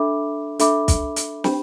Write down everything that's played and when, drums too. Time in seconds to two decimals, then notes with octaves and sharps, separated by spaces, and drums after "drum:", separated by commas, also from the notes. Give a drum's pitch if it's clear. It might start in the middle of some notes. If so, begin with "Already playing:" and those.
Already playing: D4 A4 E5 B5 D6
0.59 D4 A4 E5 B5 D6, drum: hi-hat
0.88 drum: kick, hi-hat
1.16 drum: hi-hat
1.44 D4 G4 C5 G5 B5, drum: snare